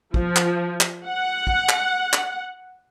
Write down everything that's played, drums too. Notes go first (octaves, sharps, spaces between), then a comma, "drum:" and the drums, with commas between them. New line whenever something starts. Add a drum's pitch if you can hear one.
F3, drum: kick
drum: clap
drum: clap
F#5
drum: kick
drum: clap
drum: clap